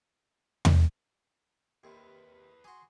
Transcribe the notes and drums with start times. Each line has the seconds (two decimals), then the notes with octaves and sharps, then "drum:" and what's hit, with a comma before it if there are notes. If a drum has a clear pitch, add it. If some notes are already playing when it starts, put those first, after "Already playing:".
0.65 drum: tom E2
1.84 D#2 C3 G#4 B4
2.64 E3 F#4 G#4 C6